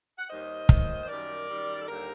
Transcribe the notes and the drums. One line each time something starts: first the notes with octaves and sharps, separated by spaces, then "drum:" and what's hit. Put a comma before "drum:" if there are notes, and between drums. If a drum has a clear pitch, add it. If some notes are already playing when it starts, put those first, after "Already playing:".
F#5
D#2 D#3 G3 C5 D#5
D#2 D#3 G3, drum: kick
C5
F#2 D#3 G3 A#4 D5
F#2 D#3 G3
A4
D#2 D3 G3 G4 A#4